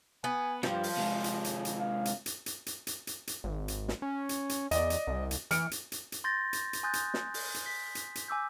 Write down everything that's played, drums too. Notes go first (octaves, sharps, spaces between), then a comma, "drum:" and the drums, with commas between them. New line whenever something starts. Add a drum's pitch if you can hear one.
B3 G#5
G2 F3 F4, drum: snare
drum: open hi-hat
C3 G#3
drum: hi-hat
drum: hi-hat
drum: hi-hat
F5
drum: hi-hat
drum: hi-hat
drum: hi-hat
drum: hi-hat
drum: hi-hat
drum: hi-hat
drum: hi-hat
G#1
drum: hi-hat
drum: snare
C#4
drum: hi-hat
drum: hi-hat
E2 D5 D#5, drum: hi-hat
drum: hi-hat
C2
drum: hi-hat
E3 F6 C#7 D7, drum: hi-hat
drum: hi-hat
drum: hi-hat
drum: hi-hat
C6 G6 A6 A#6
drum: hi-hat
drum: hi-hat
G#5 C6 D#6 F#6 G6 A6
drum: hi-hat
drum: snare
drum: open hi-hat
drum: hi-hat
B6
drum: hi-hat
drum: hi-hat
G#5 D6 E6 G6